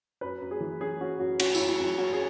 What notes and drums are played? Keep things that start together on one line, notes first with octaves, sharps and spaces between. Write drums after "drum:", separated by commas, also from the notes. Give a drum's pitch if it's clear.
F#2 B4
F#2
G#4
E3
C#4 G#4
C#4 F#4
F#2 F#4
C#4 F#4, drum: cymbal
F#2 E4, drum: tambourine
E4
F#2 E4
C#4 F#4
G#4